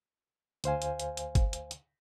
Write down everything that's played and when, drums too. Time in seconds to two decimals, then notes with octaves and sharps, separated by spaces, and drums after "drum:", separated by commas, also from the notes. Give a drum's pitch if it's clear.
0.64 D2 C5 F5 G#5, drum: hi-hat
0.82 drum: hi-hat
1.00 drum: hi-hat
1.17 drum: hi-hat
1.35 drum: kick G1, hi-hat
1.53 drum: hi-hat
1.71 drum: hi-hat